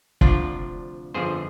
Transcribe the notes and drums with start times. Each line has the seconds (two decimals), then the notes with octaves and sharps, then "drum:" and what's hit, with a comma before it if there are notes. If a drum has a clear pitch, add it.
0.21 D2 C3 F3 D4 F4, drum: kick
1.14 G1 F2 D3 F3 G#4 C5